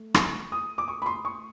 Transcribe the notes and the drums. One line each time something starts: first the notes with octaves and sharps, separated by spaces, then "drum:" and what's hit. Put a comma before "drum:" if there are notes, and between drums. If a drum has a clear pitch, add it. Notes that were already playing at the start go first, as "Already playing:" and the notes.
Already playing: A3
C#6, drum: rim click
D#6
D6
C#6
B5
C6
C#6